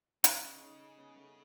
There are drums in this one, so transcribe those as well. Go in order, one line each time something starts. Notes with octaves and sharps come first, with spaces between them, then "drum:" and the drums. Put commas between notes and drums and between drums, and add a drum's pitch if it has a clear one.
C#3 C#4 D#4, drum: hi-hat
C#4 D#4
B3 C#4
A3 B3